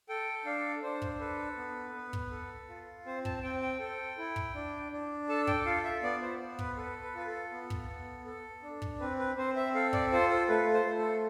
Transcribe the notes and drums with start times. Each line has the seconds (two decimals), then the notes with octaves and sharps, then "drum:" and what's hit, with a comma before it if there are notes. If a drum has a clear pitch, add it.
0.09 A4 G5
0.45 D4 F5
0.83 D4 C5
1.02 drum: kick
1.20 A4 B4
1.57 B3
1.94 B3
2.13 drum: kick
2.31 A4
2.69 F4
3.05 C4 C5
3.25 A5, drum: kick
3.43 C4 G5
3.62 G5
3.80 A4
4.18 E4
4.36 drum: kick
4.54 D4
4.92 D4
5.29 A4 A5
5.47 G5, drum: kick
5.65 F4 F5
5.84 E5
6.02 B3 D5
6.22 C5
6.40 B3
6.59 B4, drum: kick
6.77 A4 B4
7.03 B4
7.15 F4 B4
7.28 A4
7.51 B3
7.70 drum: kick
7.89 B3
8.26 A4
8.63 D4
8.82 drum: kick
9.00 C4 B4
9.19 B4
9.37 C4 C5
9.56 E5
9.74 A4 F5
9.93 D5, drum: kick
10.12 F4 C5
10.30 A4
10.48 A3 B4
10.74 C5
10.86 A3
10.98 A4